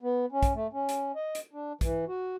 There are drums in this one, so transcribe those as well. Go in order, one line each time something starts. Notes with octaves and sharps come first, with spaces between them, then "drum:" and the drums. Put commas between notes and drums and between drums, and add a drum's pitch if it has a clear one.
B3
C#4
drum: kick, hi-hat
A3
C#4
drum: hi-hat
D#5
drum: hi-hat
D4
E3, drum: kick, hi-hat
F#4